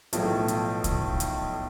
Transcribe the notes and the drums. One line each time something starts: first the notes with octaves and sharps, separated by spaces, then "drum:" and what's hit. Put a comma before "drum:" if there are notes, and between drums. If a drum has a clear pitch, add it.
B1 A2 F3 A3, drum: hi-hat
drum: hi-hat
drum: kick C2, hi-hat
drum: hi-hat